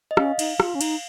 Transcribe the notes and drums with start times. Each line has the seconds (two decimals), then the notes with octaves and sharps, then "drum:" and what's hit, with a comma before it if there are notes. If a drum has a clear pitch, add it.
0.11 D#5
0.17 C#4 F5, drum: rim click
0.39 D#4, drum: cymbal
0.60 F4, drum: rim click
0.75 C#4
0.81 D#4, drum: cymbal